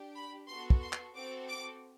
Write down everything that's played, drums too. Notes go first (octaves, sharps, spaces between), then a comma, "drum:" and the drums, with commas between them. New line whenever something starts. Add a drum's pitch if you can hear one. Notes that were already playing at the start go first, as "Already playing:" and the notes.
Already playing: D4 G4
B5
B3 F#4 A4 C6
drum: kick
C6
drum: clap
C4 F#4 A4 D6
D6